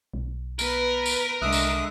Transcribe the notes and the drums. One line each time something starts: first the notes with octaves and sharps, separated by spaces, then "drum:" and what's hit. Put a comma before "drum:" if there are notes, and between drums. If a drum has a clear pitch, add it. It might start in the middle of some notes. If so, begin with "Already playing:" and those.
B1
B3 A#4 B4, drum: tambourine
drum: tambourine
C2 D3 G#3 E5 D#6 F#6
drum: tambourine